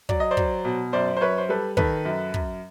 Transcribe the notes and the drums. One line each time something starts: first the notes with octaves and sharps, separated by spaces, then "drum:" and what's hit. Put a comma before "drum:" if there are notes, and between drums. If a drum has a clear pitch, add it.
F#3 D5, drum: kick
D#5
C5 D5
F#3, drum: kick
B2
F#2 C5 D5
C5
F#2 B4 C#5
C5
G3 A4 B4
D#3 A4 B4, drum: kick
F#2
F#2, drum: kick